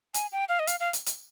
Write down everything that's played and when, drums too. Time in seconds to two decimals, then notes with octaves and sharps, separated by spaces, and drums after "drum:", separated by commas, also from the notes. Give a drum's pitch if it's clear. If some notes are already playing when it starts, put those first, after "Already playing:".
0.14 G#5, drum: hi-hat
0.32 G5
0.49 F5
0.59 D#5
0.67 F5, drum: hi-hat
0.80 F5
0.93 drum: hi-hat
1.06 drum: hi-hat